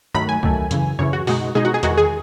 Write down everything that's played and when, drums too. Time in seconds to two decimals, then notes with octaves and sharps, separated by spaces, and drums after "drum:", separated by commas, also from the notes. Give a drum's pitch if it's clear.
0.14 D#3 F#3 A3 B5, drum: tom G2
0.29 G#5
0.43 D#3 F#3 A3, drum: kick C2
0.71 F#2 C#3 E3, drum: hi-hat
0.99 F#2 C#3 E3 C#5
1.13 F#4
1.27 B2 G#3 D#4 F#4, drum: open hi-hat
1.55 B2 G#3 D#4 G#4
1.65 F#4
1.74 G#4
1.83 E2 D#3 G#3 F#4, drum: hi-hat
1.97 G#4